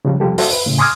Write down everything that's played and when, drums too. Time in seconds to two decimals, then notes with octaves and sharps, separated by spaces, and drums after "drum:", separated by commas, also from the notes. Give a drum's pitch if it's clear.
0.05 C#3 F3 G3
0.20 C3 F3 G3 G4 A4
0.38 F#4 A4 C5 D5 E5, drum: open hi-hat
0.53 B4
0.66 A2 C#3
0.78 G#5 C6 D6 D#6 F6 G#6